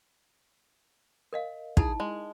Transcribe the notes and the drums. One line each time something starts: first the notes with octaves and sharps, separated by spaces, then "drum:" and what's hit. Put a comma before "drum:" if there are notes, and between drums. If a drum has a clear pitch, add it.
A#4 D#5 F5
D#4 E4 G#4 A5, drum: kick
G#3